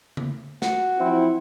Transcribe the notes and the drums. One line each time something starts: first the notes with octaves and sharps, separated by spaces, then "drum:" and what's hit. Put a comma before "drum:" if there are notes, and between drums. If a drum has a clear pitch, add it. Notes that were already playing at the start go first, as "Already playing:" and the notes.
drum: tom C#3
F#4, drum: snare
F3 C4 E4